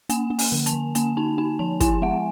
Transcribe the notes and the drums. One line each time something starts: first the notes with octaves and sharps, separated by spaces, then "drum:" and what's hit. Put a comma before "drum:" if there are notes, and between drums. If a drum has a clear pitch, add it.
A#3 G#5, drum: hi-hat
A#3
G#5, drum: open hi-hat
D3
A5, drum: hi-hat
D3
A#3 G#5, drum: hi-hat
D#4 A5
D#4 G#5
F3 A5
E4 G#5, drum: kick, hi-hat
G#3 F#5